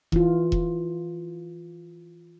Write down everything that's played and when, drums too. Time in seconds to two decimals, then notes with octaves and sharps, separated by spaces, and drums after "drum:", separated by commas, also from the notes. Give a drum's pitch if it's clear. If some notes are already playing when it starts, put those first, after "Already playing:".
0.12 E3 F4, drum: kick E1
0.52 drum: kick E1